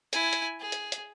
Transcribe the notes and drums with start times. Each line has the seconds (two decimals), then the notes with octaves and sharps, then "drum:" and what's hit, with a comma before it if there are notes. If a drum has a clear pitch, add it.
0.13 E4 G#5, drum: hi-hat
0.33 drum: hi-hat
0.60 G#4
0.72 drum: hi-hat
0.92 drum: hi-hat